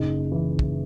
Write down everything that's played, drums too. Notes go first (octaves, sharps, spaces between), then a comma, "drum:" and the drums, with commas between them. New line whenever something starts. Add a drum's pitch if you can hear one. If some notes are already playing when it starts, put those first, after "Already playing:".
Already playing: F#1 D#4
E3
drum: kick